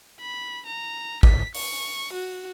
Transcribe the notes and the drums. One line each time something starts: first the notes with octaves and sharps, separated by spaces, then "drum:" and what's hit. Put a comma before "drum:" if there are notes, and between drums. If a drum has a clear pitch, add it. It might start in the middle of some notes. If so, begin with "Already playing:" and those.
B5
A#5
B6, drum: kick G#1
C#6, drum: open hi-hat
F#4